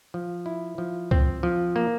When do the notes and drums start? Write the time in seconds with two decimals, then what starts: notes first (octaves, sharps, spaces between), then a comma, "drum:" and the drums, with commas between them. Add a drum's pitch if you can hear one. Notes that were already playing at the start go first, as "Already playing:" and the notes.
0.14 F3
0.46 E4
0.78 F3
1.11 C4, drum: kick C#2
1.43 F3
1.76 A#3